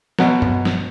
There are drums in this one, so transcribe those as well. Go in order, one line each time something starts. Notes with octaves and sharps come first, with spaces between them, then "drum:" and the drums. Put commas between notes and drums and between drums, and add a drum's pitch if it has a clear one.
B2 F#3 B3, drum: snare
drum: tom
drum: snare